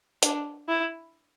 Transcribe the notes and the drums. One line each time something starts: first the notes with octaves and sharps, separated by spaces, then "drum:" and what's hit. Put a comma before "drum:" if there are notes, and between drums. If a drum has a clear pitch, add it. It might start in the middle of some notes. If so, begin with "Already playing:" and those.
D4, drum: hi-hat
E4